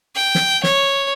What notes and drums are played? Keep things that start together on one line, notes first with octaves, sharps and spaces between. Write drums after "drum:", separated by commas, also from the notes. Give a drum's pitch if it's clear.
G5
drum: snare
C#5, drum: snare